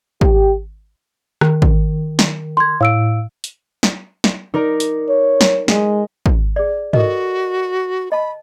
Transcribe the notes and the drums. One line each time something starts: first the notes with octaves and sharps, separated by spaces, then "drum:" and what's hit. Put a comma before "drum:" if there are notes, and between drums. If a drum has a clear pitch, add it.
G4, drum: kick
D#3, drum: rim click
drum: kick
drum: snare
C6 G#6
A2 F5 E6 D7
drum: hi-hat
drum: snare
drum: snare
D#4 A#4 D5
drum: hi-hat
C#5
drum: snare
G#3 D#5, drum: snare
drum: kick
G#4 D5
F#4 A4 A#4 D#5, drum: tom
D#5 A5 B5